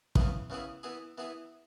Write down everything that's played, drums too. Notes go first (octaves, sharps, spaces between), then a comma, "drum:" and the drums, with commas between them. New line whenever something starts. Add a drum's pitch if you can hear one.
C#3 E3 B3 E4 G#4, drum: kick
C#3 E3 B3 E4 G#4
E3 B3 E4 G#4
E3 B3 E4 G#4